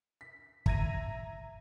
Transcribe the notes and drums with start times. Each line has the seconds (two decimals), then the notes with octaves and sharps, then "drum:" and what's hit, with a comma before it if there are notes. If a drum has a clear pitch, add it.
0.21 B6
0.66 E5 A#5 G#6 A#6 D#7, drum: kick